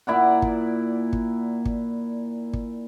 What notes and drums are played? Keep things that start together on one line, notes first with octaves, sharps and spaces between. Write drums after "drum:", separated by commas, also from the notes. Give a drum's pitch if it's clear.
A#2 E4 D5 F#5
drum: kick
drum: kick
drum: kick
drum: kick